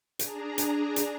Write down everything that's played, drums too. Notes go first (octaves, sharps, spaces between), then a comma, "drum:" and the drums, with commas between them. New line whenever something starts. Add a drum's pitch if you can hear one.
D4 G#4 A#5, drum: hi-hat
drum: hi-hat
drum: hi-hat